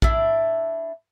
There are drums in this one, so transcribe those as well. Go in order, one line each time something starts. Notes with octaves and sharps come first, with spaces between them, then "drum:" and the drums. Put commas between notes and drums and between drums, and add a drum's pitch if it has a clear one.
D4 E4, drum: kick